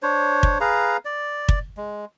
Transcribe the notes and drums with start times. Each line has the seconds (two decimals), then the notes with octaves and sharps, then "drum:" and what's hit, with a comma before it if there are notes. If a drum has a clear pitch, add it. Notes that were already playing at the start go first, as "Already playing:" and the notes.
0.03 D4 C5 C#5
0.43 drum: kick
0.61 G#4 B4 F5 A#5
1.05 D5
1.49 drum: kick
1.77 G#3